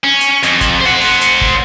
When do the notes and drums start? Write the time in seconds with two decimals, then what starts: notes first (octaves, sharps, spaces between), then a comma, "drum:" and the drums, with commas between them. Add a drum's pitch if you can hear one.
0.03 C#4
0.21 drum: hi-hat
0.43 F2, drum: hi-hat
0.61 drum: kick, hi-hat
0.81 C5 F#5
1.01 drum: open hi-hat
1.21 drum: hi-hat
1.41 drum: kick